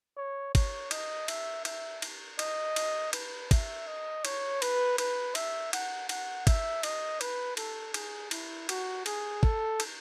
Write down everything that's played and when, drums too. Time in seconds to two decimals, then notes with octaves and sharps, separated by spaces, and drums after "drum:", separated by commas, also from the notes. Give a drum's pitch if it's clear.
0.17 C#5
0.55 C#5, drum: kick, cymbal
0.91 D#5, drum: cymbal
1.28 E5, drum: cymbal
1.65 E5, drum: cymbal
2.02 drum: cymbal
2.39 D#5, drum: cymbal
2.76 drum: cymbal
3.13 B4, drum: cymbal
3.51 E5, drum: kick, cymbal
3.87 D#5
4.25 C#5, drum: cymbal
4.62 B4, drum: cymbal
4.98 B4, drum: cymbal
5.35 E5, drum: cymbal
5.73 F#5, drum: cymbal
6.09 F#5, drum: cymbal
6.47 E5, drum: kick, cymbal
6.83 D#5, drum: cymbal
7.21 B4, drum: cymbal
7.57 A4, drum: cymbal
7.94 G#4, drum: cymbal
8.31 E4, drum: cymbal
8.69 F#4, drum: cymbal
9.06 G#4, drum: cymbal
9.43 A4, drum: kick
9.80 drum: cymbal